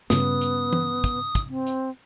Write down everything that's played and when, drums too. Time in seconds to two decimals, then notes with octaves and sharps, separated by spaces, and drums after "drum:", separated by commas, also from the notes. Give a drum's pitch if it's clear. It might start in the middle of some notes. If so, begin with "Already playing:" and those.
0.10 G2 C#3 B3 D#6, drum: snare
0.41 drum: hi-hat
0.73 drum: tom E3
1.04 drum: kick, hi-hat
1.35 drum: kick, hi-hat
1.49 C4
1.66 drum: hi-hat